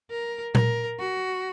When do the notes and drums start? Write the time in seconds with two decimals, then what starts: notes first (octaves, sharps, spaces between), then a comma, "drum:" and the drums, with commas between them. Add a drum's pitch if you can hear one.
0.10 A#4
0.55 A#4, drum: tom A#2
0.99 F#4